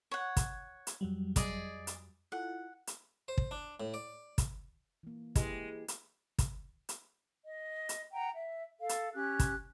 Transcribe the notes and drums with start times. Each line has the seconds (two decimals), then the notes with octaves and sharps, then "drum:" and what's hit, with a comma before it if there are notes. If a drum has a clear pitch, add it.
0.11 C#5 F#5 G#6
0.37 drum: kick, hi-hat
0.87 drum: hi-hat
1.01 F2 F#3 G3
1.36 G#4 D5 D#5, drum: kick, hi-hat
1.87 drum: hi-hat
2.32 E4 F4 A4 F#5
2.87 drum: hi-hat
3.28 C5
3.38 drum: kick
3.51 D4
3.80 A2
3.94 D5
4.38 drum: kick, hi-hat
5.03 E3 A#3
5.35 G#3 E4 G4 B4, drum: kick, hi-hat
5.88 drum: hi-hat
6.38 drum: kick, hi-hat
6.89 drum: hi-hat
7.46 D#5
7.89 drum: hi-hat
8.12 F#5 G5 A#5
8.33 E5
8.80 A4 F5
8.89 drum: hi-hat
9.14 C#4 G4 F#6
9.39 drum: kick, hi-hat